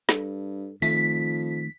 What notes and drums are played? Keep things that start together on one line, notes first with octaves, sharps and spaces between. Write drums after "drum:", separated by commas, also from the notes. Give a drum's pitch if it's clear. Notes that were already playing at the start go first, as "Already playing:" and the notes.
G2 A4, drum: snare
F2 D#3 A3 B6, drum: open hi-hat